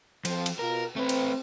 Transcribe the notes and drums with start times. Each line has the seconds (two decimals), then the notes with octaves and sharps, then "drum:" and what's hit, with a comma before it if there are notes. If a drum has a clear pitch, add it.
0.25 F2 F3 C4, drum: cymbal
0.46 drum: cymbal
0.59 B2 F4 A#4
0.96 A3 C4 B4
1.09 drum: cymbal